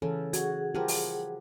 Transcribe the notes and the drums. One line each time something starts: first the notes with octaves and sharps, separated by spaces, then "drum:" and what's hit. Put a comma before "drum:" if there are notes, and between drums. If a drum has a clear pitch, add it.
C#3 E3 A4
F#4 G#4 F#5, drum: hi-hat
F3 G4 A#4 B4
drum: open hi-hat